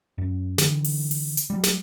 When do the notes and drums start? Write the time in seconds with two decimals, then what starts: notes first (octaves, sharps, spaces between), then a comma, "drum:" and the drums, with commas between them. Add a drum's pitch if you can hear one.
0.18 F#2
0.58 D3 E3, drum: snare
0.84 drum: open hi-hat
1.11 drum: open hi-hat
1.37 drum: hi-hat
1.50 F#3 G3
1.63 drum: snare